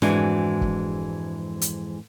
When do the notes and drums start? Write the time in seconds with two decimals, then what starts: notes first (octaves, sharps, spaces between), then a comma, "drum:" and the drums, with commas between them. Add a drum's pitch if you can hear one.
0.02 F2 G#2 E3 G#3 D4 F#4, drum: snare
0.61 drum: kick
1.61 drum: hi-hat